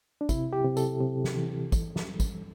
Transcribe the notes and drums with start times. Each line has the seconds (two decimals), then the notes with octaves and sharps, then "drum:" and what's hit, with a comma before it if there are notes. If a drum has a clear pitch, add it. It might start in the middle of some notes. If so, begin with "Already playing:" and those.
0.21 D4
0.29 C3 E4, drum: kick, tambourine
0.53 G4
0.64 C3
0.77 A4, drum: tambourine
1.01 C3
1.24 drum: snare
1.36 E3
1.72 G2, drum: kick, tambourine
1.96 drum: snare
2.08 G3
2.20 drum: kick, tambourine